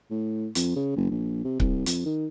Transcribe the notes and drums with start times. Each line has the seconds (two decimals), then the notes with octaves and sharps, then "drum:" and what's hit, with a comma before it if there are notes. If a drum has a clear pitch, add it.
0.11 A2
0.55 F2, drum: hi-hat
0.76 C#3
0.96 F#1
1.10 A#1
1.44 C3
1.60 C2, drum: kick C#1
1.86 F2, drum: hi-hat
2.06 D#3